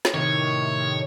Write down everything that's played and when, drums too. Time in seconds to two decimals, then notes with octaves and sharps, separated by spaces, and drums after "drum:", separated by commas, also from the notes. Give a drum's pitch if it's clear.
0.05 drum: snare
0.14 A2 C3 D#3 C#5